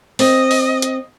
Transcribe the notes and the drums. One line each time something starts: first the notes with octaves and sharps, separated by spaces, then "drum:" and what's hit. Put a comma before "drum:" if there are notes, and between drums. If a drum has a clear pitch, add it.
C4 D#5, drum: open hi-hat
drum: open hi-hat
drum: hi-hat